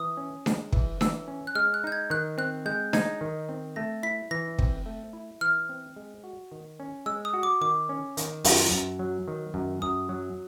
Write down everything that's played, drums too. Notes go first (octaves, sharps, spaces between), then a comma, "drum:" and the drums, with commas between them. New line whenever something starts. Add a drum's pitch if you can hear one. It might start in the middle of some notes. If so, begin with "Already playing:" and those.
Already playing: E3 D#6
C#4
G#3, drum: snare D4
E3, drum: kick
E3 E6, drum: snare D4
C#4
F#6
G#3 F6
F#6
D#4 G6
G#6
D#3 F#6
C4 F#6
G#3 G6
D#4 G#6, drum: snare D4
D#3
C4
A3 A#6
E4 B6
E3 A#6
C4, drum: kick
A3
E4
E3 F6
C4
G#3
F#4
D#3
C#4
G#3 E6
D#6
F#4
D6
D#3 D6
C#4
D#3, drum: hi-hat
F#2, drum: open hi-hat
F#2
F#3
D#3
F#2
F#2 D#6
F#3